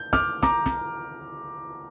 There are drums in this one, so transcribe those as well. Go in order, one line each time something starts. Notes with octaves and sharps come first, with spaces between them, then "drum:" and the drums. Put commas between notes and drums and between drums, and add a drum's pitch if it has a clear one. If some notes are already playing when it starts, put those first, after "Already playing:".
Already playing: G6
D6 F6, drum: snare
A#5 D6, drum: snare
drum: snare